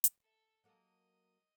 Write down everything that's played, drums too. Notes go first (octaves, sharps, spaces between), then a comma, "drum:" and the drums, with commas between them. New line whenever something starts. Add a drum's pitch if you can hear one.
drum: hi-hat
A4 E5
F#3 A#3 A4 D#5 D#6